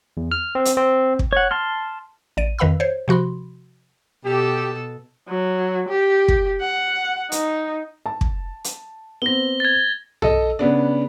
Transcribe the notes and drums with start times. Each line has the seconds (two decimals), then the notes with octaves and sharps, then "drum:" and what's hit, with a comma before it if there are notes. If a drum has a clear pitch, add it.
0.17 E2
0.31 F6
0.55 C4
0.65 drum: hi-hat
0.77 C4
1.19 drum: kick
1.33 C#5 F#5
1.51 A5 C6 F6
2.37 A1 D5 D#7
2.59 F2 D#3 B4 F5 B5 E6
2.80 C5 C#5
3.08 C3 F3 F#4 B5 C6
4.25 B2 G4 A4
5.28 F#3
5.89 G4
6.28 drum: kick
6.61 F#5
7.32 D#4, drum: hi-hat
8.06 A5
8.21 drum: kick
8.64 drum: hi-hat
9.22 B3 C4 A#6 G7
9.60 G#6 A6
10.22 A4 D#5, drum: tom
10.59 C#3 B3 D4